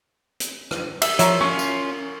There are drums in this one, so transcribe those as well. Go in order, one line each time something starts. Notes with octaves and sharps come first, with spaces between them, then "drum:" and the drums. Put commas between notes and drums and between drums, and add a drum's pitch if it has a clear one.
drum: hi-hat
drum: rim click
E5, drum: cymbal
F3 C#5 E5 A#5, drum: hi-hat
C#4 F4 C#6
drum: tambourine